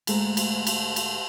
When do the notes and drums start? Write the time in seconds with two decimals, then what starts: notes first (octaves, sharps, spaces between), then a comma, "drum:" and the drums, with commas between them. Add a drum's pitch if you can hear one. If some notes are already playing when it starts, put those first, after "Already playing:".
0.07 D2 G#2 G#3 A3 A4 A#5, drum: cymbal
0.37 drum: cymbal
0.67 drum: cymbal
0.96 drum: cymbal